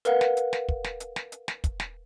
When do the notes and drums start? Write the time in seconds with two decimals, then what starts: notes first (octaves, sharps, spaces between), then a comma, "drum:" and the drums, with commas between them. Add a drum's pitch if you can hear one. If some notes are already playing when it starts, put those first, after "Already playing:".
0.05 A#4 B4 F5 F#5, drum: hi-hat
0.21 drum: snare
0.37 drum: hi-hat
0.53 drum: snare
0.69 drum: kick
0.84 drum: snare
1.00 drum: hi-hat
1.16 drum: snare
1.32 drum: hi-hat
1.48 drum: snare
1.64 drum: kick, hi-hat
1.80 drum: snare